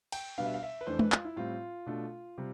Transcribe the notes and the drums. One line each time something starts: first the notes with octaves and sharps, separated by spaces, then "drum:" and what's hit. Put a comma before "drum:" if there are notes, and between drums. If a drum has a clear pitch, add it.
G5, drum: cymbal
B2 G3 B3 D4 F5
E5
F5
E5
B4
F2 E3 A3 D4 C5
B4, drum: tom G#3
F4, drum: clap
E4
A2 G3 C4 F4
B2 A3 D4
C3 G3